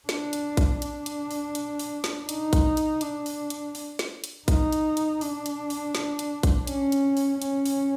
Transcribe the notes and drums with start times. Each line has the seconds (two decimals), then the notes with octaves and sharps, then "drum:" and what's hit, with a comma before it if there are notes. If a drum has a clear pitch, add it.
0.09 D4, drum: snare
0.33 drum: hi-hat
0.57 drum: kick A#1, hi-hat
0.82 D4, drum: hi-hat
1.06 drum: hi-hat
1.31 drum: open hi-hat
1.55 drum: hi-hat
1.79 drum: open hi-hat
2.04 drum: snare
2.29 D#4, drum: hi-hat
2.53 drum: kick A#1, hi-hat
2.77 drum: hi-hat
3.01 D4, drum: hi-hat
3.26 drum: open hi-hat
3.50 drum: hi-hat
3.75 drum: open hi-hat
3.99 drum: snare
4.24 drum: hi-hat
4.48 D#4, drum: kick A#1, hi-hat
4.72 drum: hi-hat
4.97 drum: hi-hat
5.21 D4, drum: open hi-hat
5.46 drum: hi-hat
5.70 drum: open hi-hat
5.95 drum: snare
6.19 drum: hi-hat
6.43 drum: kick A#1, hi-hat
6.67 C#4, drum: hi-hat
6.92 drum: hi-hat
7.17 drum: open hi-hat
7.42 C#4, drum: hi-hat
7.66 drum: open hi-hat